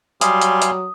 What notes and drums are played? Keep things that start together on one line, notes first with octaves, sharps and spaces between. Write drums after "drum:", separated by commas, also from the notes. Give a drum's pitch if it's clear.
F#3 G3 F5 G#5 C6 D#6, drum: hi-hat
drum: hi-hat
drum: hi-hat